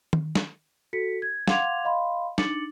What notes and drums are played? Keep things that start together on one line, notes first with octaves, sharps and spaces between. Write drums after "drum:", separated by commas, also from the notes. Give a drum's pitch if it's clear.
drum: tom D#3
drum: snare
F#4 A4 B6 C#7
G#6
F5 F#5 C6 D6 G#6 F7, drum: snare
D#5 F5 B5 C6
D4 D#4 D6 A6 C#7 F#7, drum: snare